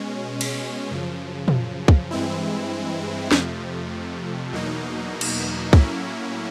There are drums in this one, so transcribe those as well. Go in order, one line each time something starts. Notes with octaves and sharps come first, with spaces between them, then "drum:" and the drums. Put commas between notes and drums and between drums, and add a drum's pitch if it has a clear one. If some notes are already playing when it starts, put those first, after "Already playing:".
Already playing: B2 G#3 C#4
drum: cymbal
F#2 C#3 F3
drum: tom
drum: kick
G2 E3 G#3 C4 E4
F2 C3 F3 A3, drum: snare
E2 B2 F#3 A#3 D#4
drum: cymbal
A2 F#3 A#3 C#4 E4, drum: kick